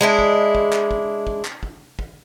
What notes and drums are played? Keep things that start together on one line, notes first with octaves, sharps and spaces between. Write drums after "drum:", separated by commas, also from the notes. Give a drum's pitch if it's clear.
G#3 D4 E4
drum: kick
drum: kick
drum: clap
drum: kick
drum: kick
drum: clap
drum: kick
drum: kick